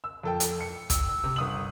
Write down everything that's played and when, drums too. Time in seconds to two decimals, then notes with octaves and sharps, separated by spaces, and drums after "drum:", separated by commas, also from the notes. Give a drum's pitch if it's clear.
0.04 E6
0.23 F2 A4 G5
0.40 drum: hi-hat
0.61 C#7
0.90 E6, drum: kick, hi-hat
1.24 C3
1.36 G1 D#6 F#7